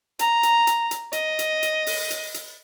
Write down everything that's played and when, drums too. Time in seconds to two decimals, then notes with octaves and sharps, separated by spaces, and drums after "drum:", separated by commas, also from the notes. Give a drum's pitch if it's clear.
0.19 A#5, drum: hi-hat
0.43 drum: hi-hat
0.67 drum: hi-hat
0.91 drum: hi-hat
1.13 D#5, drum: hi-hat
1.39 drum: hi-hat
1.63 drum: hi-hat
1.87 drum: open hi-hat
2.10 drum: hi-hat
2.34 drum: hi-hat